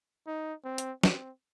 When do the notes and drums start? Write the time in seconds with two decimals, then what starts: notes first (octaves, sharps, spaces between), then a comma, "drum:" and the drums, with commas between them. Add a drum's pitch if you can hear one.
0.27 D#4
0.65 C4
0.78 drum: hi-hat
1.03 C4, drum: snare